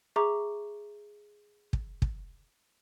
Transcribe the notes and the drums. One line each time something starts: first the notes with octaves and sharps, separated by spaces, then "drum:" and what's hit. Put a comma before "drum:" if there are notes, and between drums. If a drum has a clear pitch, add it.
G#4 E5 A#5 C#6 D6
drum: kick
drum: kick